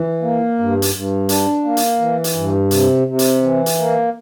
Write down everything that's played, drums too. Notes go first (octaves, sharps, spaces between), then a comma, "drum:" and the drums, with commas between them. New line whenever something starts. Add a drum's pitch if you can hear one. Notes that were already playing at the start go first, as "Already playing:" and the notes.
Already playing: E3
A#3
G2
drum: hi-hat
G2
D4, drum: hi-hat
A#3
drum: hi-hat
E3
drum: hi-hat
G2
C3, drum: hi-hat
C3
drum: hi-hat
E3
drum: hi-hat
A#3